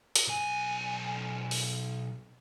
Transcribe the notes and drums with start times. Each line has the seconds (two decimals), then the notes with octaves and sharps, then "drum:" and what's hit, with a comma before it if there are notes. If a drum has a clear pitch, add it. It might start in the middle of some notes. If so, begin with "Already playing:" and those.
0.16 drum: hi-hat
0.28 B1 G#5
1.51 drum: open hi-hat